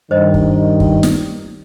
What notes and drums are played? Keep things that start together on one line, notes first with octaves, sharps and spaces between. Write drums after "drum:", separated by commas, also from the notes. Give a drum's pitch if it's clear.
G2 D#3 C5 D#5
drum: kick
drum: kick
drum: snare